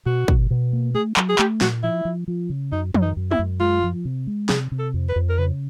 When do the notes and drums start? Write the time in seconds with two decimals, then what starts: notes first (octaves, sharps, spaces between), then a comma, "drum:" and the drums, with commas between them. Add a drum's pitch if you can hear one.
0.06 B2 F#4
0.28 B2, drum: kick
0.51 B2
0.73 A#3
0.94 A3 G#4
1.17 F#3, drum: clap
1.29 G#4
1.39 A3 G4, drum: clap
1.61 A#2 F#4, drum: snare
1.83 F3 E4
2.05 F3
2.28 F3
2.50 C#3
2.72 F#2 D#4
2.94 F#2, drum: tom
3.02 D#4
3.17 F#2
3.31 E4, drum: tom
3.39 F#2
3.60 G#3 F4
3.83 F3
4.05 C3
4.27 G#3
4.49 C3 G#4, drum: snare
4.72 C3
4.79 A4
4.94 F2
5.09 B4
5.16 F2
5.30 A#4
5.38 C#3 B4